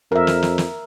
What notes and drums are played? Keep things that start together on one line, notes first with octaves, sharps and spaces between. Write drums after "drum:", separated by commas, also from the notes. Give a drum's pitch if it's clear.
F2 A#4 E5
drum: snare
drum: snare
drum: snare